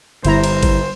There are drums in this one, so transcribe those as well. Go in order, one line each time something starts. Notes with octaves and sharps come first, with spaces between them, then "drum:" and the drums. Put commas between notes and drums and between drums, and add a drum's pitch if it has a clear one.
G1 D3 G3 E4 C5 A#5, drum: cymbal
drum: cymbal
drum: kick G#1, cymbal